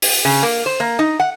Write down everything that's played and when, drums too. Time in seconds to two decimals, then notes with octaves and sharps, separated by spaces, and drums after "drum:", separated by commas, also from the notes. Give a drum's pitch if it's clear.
0.02 drum: open hi-hat
0.25 C#3
0.43 A#3
0.66 C5
0.80 A#3
0.99 D#4
1.20 F#5